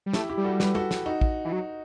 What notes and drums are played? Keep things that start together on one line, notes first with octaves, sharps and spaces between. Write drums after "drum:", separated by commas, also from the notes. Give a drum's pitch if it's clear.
G3
A3 E4 G4, drum: snare
E4 G4
G3
F#4 A4
G4 B4, drum: snare
F#4 A4, drum: tom G3
drum: snare
D#4 F#4
drum: kick
E3
F#3